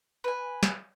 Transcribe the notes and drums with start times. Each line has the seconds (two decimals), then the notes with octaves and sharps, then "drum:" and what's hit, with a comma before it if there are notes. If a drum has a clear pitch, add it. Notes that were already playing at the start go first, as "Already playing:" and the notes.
0.24 B4 G#5
0.63 drum: snare